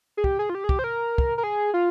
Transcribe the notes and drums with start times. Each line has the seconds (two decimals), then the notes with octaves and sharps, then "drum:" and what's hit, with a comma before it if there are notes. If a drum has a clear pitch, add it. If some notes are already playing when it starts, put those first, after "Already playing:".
0.17 G#4
0.24 G4, drum: kick
0.39 G#4
0.50 F4
0.55 G4
0.64 G#4
0.69 G4, drum: kick
0.79 C5
0.84 A#4
1.18 drum: kick
1.38 A#4
1.44 G#4
1.74 F4